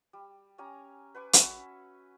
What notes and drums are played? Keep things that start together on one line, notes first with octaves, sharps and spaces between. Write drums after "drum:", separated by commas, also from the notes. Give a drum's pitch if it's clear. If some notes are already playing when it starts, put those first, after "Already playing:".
G3
C#4 G4 G#5 A#5
B4 G#5 C#6 D6
C#4 F#4 E5, drum: hi-hat